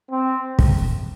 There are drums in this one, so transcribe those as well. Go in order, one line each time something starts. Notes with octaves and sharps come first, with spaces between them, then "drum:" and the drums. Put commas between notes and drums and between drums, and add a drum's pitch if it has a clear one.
C4
drum: kick